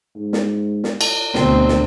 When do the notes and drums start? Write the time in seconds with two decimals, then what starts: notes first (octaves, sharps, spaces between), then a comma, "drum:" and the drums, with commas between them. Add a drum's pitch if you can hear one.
0.16 G#2
0.33 drum: snare
0.84 drum: snare
1.01 drum: cymbal
1.34 D2 B2 D3 C4, drum: snare
1.68 drum: snare